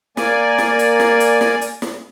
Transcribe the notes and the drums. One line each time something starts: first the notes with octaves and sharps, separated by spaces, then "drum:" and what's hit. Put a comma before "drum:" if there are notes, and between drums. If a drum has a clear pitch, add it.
A#3 D5 G#5, drum: snare
drum: snare
drum: hi-hat
drum: snare
drum: hi-hat
drum: snare
drum: hi-hat
drum: snare